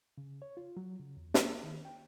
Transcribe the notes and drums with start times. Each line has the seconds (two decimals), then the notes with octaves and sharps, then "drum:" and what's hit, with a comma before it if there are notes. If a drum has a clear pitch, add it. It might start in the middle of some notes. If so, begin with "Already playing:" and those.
0.18 C#3
0.42 C#5
0.57 F4
0.77 F#3
1.00 C#3
1.17 E2
1.34 A#3, drum: snare
1.64 D#3
1.85 G5